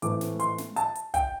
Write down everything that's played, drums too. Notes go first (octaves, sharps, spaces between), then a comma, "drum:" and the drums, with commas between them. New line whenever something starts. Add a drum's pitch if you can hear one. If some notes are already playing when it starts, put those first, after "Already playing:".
A2 E3 A3 C4 D6, drum: hi-hat
drum: snare
C6, drum: hi-hat
drum: snare
A5, drum: hi-hat
drum: hi-hat
G5, drum: kick, hi-hat